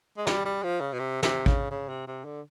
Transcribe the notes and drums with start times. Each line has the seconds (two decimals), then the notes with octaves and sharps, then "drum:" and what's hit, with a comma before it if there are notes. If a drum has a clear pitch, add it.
0.17 G#3
0.27 G3, drum: snare
0.45 G3
0.63 F3
0.81 C#3
0.93 B2
0.99 C3
1.23 C3, drum: snare
1.46 C#3, drum: kick
1.71 C#3
1.89 C3
2.07 C3
2.25 D3